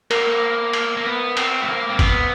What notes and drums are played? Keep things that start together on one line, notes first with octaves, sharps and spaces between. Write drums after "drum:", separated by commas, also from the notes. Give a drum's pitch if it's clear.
A#3 A#4, drum: cymbal
drum: cymbal
A#3
B3
C4, drum: cymbal
A3
A#3
C4
B3, drum: kick G1, cymbal